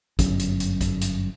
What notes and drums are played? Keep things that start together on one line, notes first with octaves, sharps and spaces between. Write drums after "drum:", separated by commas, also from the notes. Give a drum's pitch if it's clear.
G1 F#2, drum: kick, hi-hat
drum: hi-hat
drum: hi-hat
drum: kick, hi-hat
drum: hi-hat